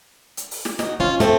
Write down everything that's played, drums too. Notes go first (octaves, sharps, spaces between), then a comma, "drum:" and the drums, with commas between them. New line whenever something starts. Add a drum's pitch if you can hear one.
drum: hi-hat
drum: open hi-hat
drum: snare
D#4 F#4, drum: snare
C#4 F4
A3 C4, drum: snare